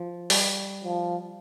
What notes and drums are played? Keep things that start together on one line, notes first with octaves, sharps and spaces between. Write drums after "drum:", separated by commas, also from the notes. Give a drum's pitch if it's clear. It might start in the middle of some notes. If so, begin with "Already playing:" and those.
Already playing: F3
G3, drum: open hi-hat
F3